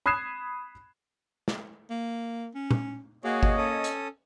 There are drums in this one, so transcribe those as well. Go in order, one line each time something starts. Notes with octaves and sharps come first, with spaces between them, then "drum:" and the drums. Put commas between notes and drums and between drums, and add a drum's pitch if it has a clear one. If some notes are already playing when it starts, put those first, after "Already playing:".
B5 D#6 F#6 G#6 C7 E7
drum: snare
A#3
C#4
drum: tom
A#3 F#4 G#4 C#5 D#5
drum: kick G1
C#4 A4 D#6
drum: hi-hat